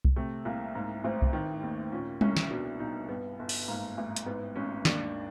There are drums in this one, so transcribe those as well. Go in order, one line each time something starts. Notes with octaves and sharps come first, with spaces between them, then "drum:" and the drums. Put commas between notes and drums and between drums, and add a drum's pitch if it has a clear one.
drum: kick C2
C3 A3
C2 A#3
G#2 A#3
A1 C4
drum: kick C2
D#3
D#2
A#2 C#4
C2 C#4, drum: tom G3
drum: snare
B2 D4
B1 D#4
G2 B3
G1
drum: open hi-hat
G#2 A#3
A1
drum: hi-hat
G#2 B3
G#1 C#4
D#2 D4, drum: snare